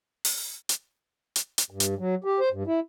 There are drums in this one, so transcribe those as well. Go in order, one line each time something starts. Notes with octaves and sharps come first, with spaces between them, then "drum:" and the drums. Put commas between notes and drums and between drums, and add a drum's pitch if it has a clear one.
drum: open hi-hat
drum: hi-hat
drum: hi-hat
drum: hi-hat
G2
drum: hi-hat
F#3
G4
C5
G2
E4